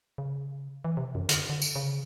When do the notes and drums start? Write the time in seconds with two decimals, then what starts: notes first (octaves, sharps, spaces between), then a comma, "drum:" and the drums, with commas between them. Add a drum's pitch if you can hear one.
0.18 C#3
0.84 E3
0.97 C3
1.15 F#2
1.29 D3, drum: hi-hat
1.49 D3
1.62 drum: tambourine
1.75 C#3